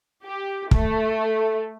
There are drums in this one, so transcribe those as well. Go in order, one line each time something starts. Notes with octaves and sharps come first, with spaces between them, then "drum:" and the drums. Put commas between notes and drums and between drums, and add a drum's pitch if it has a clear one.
G4
A3, drum: kick